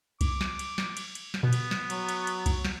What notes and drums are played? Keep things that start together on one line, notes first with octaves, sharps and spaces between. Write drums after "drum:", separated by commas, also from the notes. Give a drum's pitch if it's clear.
D6, drum: kick C2, cymbal
drum: snare
drum: cymbal
drum: snare
drum: cymbal
drum: cymbal
drum: snare
B2 B3
drum: cymbal
drum: snare
F#3, drum: cymbal
drum: cymbal
drum: cymbal
drum: kick C2, cymbal
drum: snare